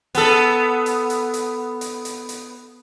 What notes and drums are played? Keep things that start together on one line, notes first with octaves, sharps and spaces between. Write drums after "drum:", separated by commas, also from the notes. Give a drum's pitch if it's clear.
B3 A4, drum: hi-hat
drum: hi-hat
drum: hi-hat
drum: hi-hat
drum: hi-hat
drum: hi-hat
drum: hi-hat